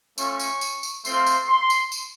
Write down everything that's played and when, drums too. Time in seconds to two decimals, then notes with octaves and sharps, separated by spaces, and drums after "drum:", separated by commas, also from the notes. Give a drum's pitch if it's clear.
0.18 A3 C#4 F4 C#6, drum: tambourine
0.40 drum: tambourine
0.61 drum: tambourine
0.83 drum: tambourine
1.05 A3 C4 F4 C6, drum: tambourine
1.26 drum: tambourine
1.48 C6
1.70 drum: tambourine
1.92 drum: tambourine